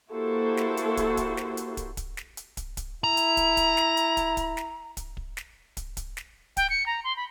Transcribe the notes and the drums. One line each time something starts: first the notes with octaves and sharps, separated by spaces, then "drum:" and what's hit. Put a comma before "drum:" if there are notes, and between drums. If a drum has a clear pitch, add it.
A#3 E4 F#4 G4 A4 C5
drum: snare
drum: hi-hat
drum: kick, hi-hat
drum: kick, hi-hat
drum: snare
drum: hi-hat
drum: kick, hi-hat
drum: kick, hi-hat
drum: snare
drum: hi-hat
drum: kick, hi-hat
drum: kick, hi-hat
E4 A#5
drum: hi-hat
drum: kick, hi-hat
drum: kick, hi-hat
drum: snare
drum: hi-hat
drum: kick, hi-hat
drum: kick, hi-hat
drum: snare
drum: kick, hi-hat
drum: kick
drum: snare
drum: kick, hi-hat
drum: kick, hi-hat
drum: snare
G5, drum: kick, hi-hat
C#7
A#5
C6
B5